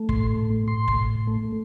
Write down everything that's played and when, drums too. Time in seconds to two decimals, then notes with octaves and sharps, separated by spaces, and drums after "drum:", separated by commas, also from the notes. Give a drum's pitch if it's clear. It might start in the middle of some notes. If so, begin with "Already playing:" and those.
Already playing: A3
0.09 A2 C6, drum: kick
0.38 A2
0.68 A2 C6
0.88 drum: kick
0.97 A2
1.27 A3